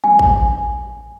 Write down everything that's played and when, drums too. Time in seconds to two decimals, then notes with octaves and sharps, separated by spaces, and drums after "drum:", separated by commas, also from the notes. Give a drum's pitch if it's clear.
0.04 G#5, drum: tom
0.19 drum: kick A1